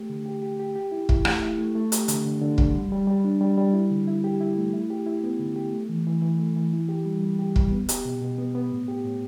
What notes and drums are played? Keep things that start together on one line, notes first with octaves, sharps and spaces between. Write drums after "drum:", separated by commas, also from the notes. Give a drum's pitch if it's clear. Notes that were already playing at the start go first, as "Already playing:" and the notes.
Already playing: A3 G4
D3
G4
G4
G4
G4
E4
E4, drum: kick
A3, drum: rim click
E4
A3
A3
G4, drum: hi-hat
D3, drum: hi-hat
D3
D3
D3, drum: kick
G3
G3
G3
D4
G3
G3
E4
D3
E4
G4
E4
A3
E4
G4
E4
B3
D3
G4
A3
E3
E3
E3
A3
E3
E4
G4
G3
G3
G4
G3, drum: kick
B3
G4, drum: hi-hat
B2
B2
B3
B3
A2
G4
A2